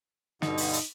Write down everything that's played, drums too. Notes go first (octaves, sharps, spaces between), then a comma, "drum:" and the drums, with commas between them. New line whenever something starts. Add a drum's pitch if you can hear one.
G2 B2 D3 D#4, drum: snare
drum: open hi-hat
drum: hi-hat